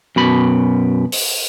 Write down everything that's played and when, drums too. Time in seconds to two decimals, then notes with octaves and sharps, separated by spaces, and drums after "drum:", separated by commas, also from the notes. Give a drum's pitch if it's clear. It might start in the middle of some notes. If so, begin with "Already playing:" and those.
0.16 F#2 B2 B5
1.12 drum: open hi-hat